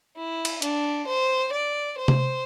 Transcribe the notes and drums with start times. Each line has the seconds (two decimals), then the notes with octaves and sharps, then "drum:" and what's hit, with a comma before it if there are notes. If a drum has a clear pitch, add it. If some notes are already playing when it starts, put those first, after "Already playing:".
0.16 E4
0.45 drum: cymbal
0.62 D4, drum: hi-hat
1.06 C5
1.52 D5
1.98 C5
2.08 drum: tom C3